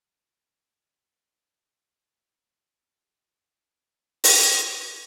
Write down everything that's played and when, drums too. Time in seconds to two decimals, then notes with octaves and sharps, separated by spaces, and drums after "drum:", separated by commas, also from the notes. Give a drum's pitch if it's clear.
0.15 D#3 D4 F#4
0.87 C5
2.93 F3 G#3 F4 G4
3.86 G2 A#2 C4 C#4
4.24 drum: open hi-hat